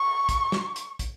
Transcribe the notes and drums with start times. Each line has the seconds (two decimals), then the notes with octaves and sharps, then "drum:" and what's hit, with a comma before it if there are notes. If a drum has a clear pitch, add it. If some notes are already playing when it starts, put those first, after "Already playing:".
Already playing: C#6
0.29 drum: kick, hi-hat
0.52 drum: snare
0.76 drum: hi-hat
0.99 drum: kick, hi-hat